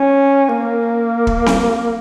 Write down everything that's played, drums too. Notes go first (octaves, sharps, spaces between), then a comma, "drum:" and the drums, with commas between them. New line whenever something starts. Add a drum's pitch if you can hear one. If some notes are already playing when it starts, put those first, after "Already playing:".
Already playing: C#4
A#3
drum: kick
drum: snare C4